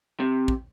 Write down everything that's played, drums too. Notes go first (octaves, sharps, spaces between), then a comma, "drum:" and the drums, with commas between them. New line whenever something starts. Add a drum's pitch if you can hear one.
C3
drum: kick